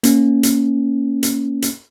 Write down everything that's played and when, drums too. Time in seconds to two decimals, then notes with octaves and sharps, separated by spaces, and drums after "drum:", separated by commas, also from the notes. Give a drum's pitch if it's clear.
0.03 A#3 C#4, drum: hi-hat
0.43 drum: hi-hat
1.23 drum: hi-hat
1.62 drum: hi-hat